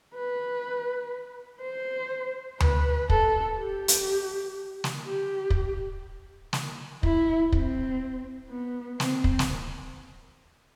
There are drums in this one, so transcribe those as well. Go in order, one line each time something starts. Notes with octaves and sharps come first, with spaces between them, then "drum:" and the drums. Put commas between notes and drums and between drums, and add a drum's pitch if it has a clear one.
B4
C5
B4, drum: tom D2
A4, drum: kick
G4
drum: hi-hat
drum: snare
G4
drum: kick
drum: snare
E4, drum: kick
C4, drum: kick
B3
C4, drum: snare
drum: kick
drum: snare